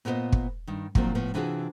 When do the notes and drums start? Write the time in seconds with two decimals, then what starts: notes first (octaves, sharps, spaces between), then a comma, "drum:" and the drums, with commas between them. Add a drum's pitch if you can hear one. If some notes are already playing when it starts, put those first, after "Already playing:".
0.05 A#2 B3 F4 G#4 C5 D#5
0.32 drum: kick
0.67 G2 D#3
0.95 A#2 D#3 F3 F#3 A#3 C4, drum: kick
1.15 A2 F3 B3
1.34 C3 E3 D4 F4 F#4 G#4